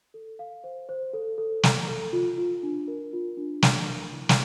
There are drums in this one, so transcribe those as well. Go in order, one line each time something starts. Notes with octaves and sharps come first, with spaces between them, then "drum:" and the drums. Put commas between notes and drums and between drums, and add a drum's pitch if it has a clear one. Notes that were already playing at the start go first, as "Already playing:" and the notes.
A4
F5
C5
C5
A4
A4
A#5, drum: snare
A4
F4
F4
D4
A#4
F4
D4
D4, drum: snare
A#4
E4
drum: snare